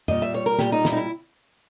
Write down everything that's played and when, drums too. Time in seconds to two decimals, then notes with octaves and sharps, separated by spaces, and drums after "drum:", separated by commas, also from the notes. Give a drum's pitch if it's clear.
0.08 A#2 G3 D#5, drum: tom F2
0.22 E5
0.34 C#5
0.46 A#4
0.59 A#2 G3 G4, drum: snare
0.72 D#4
0.85 E4, drum: snare
0.92 D#4
0.97 E4